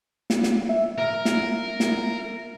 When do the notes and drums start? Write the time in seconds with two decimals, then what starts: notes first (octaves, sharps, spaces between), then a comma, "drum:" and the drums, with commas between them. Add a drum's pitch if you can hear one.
0.30 drum: snare
0.43 drum: snare
0.69 E5
0.98 A#4
1.25 drum: snare
1.80 drum: snare